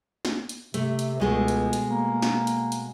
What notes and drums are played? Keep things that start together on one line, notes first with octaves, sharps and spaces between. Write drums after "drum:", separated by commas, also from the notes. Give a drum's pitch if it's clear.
drum: snare
drum: hi-hat
C3 A3, drum: hi-hat
drum: hi-hat
C#2 B2 G#3 A3
drum: hi-hat
drum: hi-hat
A#3
drum: snare
drum: hi-hat
drum: hi-hat